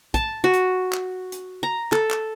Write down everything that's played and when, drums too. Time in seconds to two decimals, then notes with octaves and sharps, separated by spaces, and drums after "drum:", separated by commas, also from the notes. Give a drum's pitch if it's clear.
0.14 A5, drum: kick, hi-hat
0.44 F#4
0.53 drum: hi-hat
0.93 drum: clap
1.32 drum: hi-hat
1.63 A#5
1.92 A4, drum: clap
2.11 drum: clap